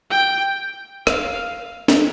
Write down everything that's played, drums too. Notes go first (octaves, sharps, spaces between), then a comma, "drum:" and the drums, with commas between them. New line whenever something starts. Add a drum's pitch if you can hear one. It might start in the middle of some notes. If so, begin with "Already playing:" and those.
G5
F5, drum: rim click
drum: snare